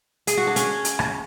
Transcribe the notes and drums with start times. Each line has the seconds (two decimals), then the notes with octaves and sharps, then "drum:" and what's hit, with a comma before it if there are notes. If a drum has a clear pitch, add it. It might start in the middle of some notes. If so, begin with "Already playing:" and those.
0.27 G#4, drum: hi-hat
0.37 F#4
0.47 D4
0.56 C#4, drum: hi-hat
0.85 drum: hi-hat
0.99 drum: rim click